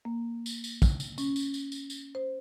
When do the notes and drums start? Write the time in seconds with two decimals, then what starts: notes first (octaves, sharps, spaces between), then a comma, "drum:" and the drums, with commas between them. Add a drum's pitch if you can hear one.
0.05 A#3
0.46 drum: tambourine
0.64 drum: tambourine
0.82 drum: kick, tambourine
1.00 drum: tambourine
1.18 C#4, drum: tambourine
1.36 drum: tambourine
1.54 drum: tambourine
1.72 drum: tambourine
1.90 drum: tambourine
2.15 C5